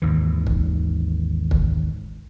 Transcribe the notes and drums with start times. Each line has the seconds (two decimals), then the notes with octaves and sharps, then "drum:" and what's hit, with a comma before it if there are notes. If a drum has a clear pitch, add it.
0.02 G#1 D#2 E3
0.47 drum: kick
1.51 drum: kick